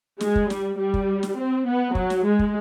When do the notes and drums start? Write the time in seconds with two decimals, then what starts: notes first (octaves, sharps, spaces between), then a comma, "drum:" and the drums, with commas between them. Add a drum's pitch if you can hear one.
0.20 G#3, drum: snare
0.35 drum: kick
0.50 G3, drum: snare
0.79 G3
0.94 drum: kick
1.23 drum: snare
1.38 C4
1.67 B3
1.95 F#3, drum: kick
2.10 drum: snare
2.25 G#3
2.39 drum: kick